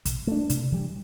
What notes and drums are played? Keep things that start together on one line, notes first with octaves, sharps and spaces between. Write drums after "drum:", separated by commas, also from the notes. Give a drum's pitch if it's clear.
B2, drum: kick, hi-hat
A3 D4
C3, drum: hi-hat
E3 G3